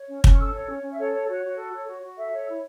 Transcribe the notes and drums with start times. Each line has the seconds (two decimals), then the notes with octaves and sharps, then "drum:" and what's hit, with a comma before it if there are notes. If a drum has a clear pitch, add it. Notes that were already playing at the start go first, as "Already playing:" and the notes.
Already playing: C#5
0.09 C#4
0.24 C#4, drum: kick
0.33 C#6
0.38 A4 E6
0.54 C#5
0.68 C#4
0.83 C#4
0.91 E5
0.98 A4 C#5
1.13 C#5
1.28 F#4 C#5
1.43 F#4
1.58 A4
1.73 C#5
1.87 F#4
2.02 F#4
2.18 A4 E5
2.32 C#5
2.47 E4